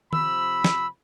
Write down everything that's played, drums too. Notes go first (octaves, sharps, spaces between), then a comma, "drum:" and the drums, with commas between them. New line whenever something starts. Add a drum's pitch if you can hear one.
C3 F3 B5 E6, drum: tom D#3
drum: snare